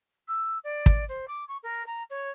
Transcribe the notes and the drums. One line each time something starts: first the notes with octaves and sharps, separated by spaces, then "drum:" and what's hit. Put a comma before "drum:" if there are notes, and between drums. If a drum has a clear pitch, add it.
E6
D5
drum: kick
C5
D6
C#6
A#4
A#5
C#5